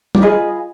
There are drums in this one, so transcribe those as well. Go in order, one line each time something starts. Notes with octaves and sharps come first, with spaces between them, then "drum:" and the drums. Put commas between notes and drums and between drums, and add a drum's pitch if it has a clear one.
D5, drum: tom
F4 G#4 B4 D#5